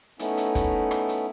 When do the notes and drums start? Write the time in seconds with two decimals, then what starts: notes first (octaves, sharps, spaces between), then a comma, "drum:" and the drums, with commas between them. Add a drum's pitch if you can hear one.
0.19 A3 B3 C#4 D#4 E4, drum: hi-hat
0.37 drum: hi-hat
0.55 drum: kick, hi-hat
0.91 drum: rim click
1.09 drum: hi-hat